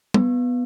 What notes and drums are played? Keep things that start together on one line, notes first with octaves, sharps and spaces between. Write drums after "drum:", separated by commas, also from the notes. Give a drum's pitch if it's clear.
B3, drum: tom